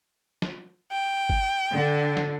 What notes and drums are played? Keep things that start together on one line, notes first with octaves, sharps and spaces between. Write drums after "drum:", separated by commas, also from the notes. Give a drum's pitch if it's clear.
drum: snare
G5
drum: kick G1
D3
drum: snare